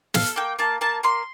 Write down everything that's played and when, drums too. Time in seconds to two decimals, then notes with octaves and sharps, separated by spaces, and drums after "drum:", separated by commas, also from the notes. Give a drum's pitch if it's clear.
0.14 A4 F5, drum: snare
0.36 A#3 G5
0.59 A#3 A5
0.81 A#3 A5
1.03 A#3 C6